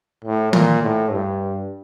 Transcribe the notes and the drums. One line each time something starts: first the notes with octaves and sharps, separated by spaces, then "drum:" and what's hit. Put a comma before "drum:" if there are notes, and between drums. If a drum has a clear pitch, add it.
A2
A#2, drum: tom D#3
A2
G2